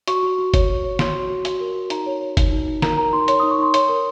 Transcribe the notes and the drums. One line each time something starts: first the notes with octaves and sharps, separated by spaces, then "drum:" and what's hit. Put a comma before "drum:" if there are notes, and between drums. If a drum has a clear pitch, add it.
F#4 C#6, drum: hi-hat
F#4
F#4
C#5, drum: kick F#1, hi-hat
F#4
C#5
C#5 C6, drum: snare
F#4
F#4
F#4, drum: hi-hat
A#4
F#4
D#4 A#5, drum: hi-hat
C#5
C#5
D#4, drum: kick F#1, hi-hat
D#4
D#4
A#4 A#5, drum: snare
A#4 A#5
D#4 C6
C#5 C6, drum: hi-hat
D#4 D#6
C#6
D#4 C6
C#5 C6, drum: hi-hat
A#4